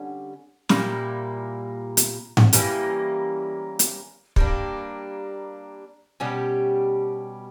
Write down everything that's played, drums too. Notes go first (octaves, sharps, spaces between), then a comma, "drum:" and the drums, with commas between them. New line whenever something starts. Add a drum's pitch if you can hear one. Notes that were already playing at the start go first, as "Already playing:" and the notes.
Already playing: D3 G3 C#4
A#2 G3 A#3 E4, drum: snare
drum: hi-hat
drum: tom G#2
E3 G3 A#3 C#4, drum: hi-hat
drum: hi-hat
G3 A#3 D4, drum: kick
B2 G3 C#4 G4